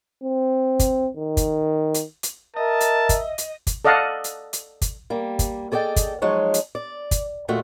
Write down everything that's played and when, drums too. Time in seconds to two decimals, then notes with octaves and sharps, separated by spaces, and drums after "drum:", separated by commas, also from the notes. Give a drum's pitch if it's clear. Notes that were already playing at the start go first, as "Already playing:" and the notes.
0.23 C4
0.79 drum: kick, hi-hat
1.17 D#3
1.37 drum: kick, hi-hat
1.94 drum: hi-hat
2.23 drum: hi-hat
2.57 A#4 D#5 E5 A5
2.80 drum: hi-hat
3.09 drum: kick, hi-hat
3.38 drum: hi-hat
3.67 drum: kick, hi-hat
3.85 A4 D5 D#5 F5 F#5 A5
4.24 drum: hi-hat
4.53 drum: hi-hat
4.82 drum: kick, hi-hat
5.10 G3 A#3
5.39 drum: kick, hi-hat
5.72 G#4 A4 D5 D#5 G5
5.96 drum: kick, hi-hat
6.22 F3 F#3 G#3 D#4 C#5
6.54 drum: hi-hat
6.75 D5
7.11 drum: kick, hi-hat
7.48 D#2 A#2 A3 F4 F#4